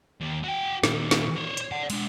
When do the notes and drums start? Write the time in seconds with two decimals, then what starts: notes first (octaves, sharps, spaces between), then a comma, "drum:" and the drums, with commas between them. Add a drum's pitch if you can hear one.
0.21 D#2
0.44 F#4 G5
0.83 A#2 D#3, drum: snare
1.11 drum: snare
1.37 C5 C#5
1.57 drum: hi-hat
1.72 D5 F#5
1.90 G#3 D4, drum: cymbal